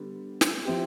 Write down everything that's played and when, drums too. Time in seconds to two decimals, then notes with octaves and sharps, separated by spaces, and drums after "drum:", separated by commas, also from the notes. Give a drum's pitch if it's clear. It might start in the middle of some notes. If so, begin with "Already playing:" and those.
Already playing: D3 G3 B3
0.41 drum: snare
0.65 F3 C4 E4 G4